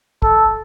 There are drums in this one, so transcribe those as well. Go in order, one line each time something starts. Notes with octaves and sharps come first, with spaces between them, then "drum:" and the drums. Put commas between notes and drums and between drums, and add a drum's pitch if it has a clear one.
A4, drum: kick